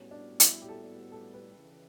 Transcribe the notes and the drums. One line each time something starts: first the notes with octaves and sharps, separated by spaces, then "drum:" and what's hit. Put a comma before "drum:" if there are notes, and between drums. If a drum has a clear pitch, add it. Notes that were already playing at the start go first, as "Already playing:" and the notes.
Already playing: A2 G3 B3 C#4 F#4
D4
E4, drum: hi-hat
G4
A4
A4
B4
C#3 E3